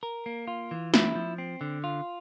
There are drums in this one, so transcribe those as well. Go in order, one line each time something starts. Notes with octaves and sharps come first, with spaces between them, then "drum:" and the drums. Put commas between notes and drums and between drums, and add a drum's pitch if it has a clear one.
A#4
A#3
F4
E3
E4, drum: snare
F3
C4
D3
F4